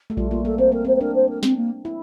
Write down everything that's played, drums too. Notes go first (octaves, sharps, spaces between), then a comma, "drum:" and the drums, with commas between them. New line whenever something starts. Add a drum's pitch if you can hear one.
A3
G3 F4, drum: kick A#1
A#3 F4
A#3 A4
C4 C5
A#3 A#4
C4 C5
C5
D4 A#4
C5
A#4
C4, drum: snare
A#3
E4